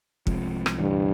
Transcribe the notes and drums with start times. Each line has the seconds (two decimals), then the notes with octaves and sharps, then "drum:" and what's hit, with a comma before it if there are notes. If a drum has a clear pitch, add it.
0.27 C2 C3 F3 G#3, drum: kick
0.66 drum: rim click
0.79 D2 G2 C3 E3 G3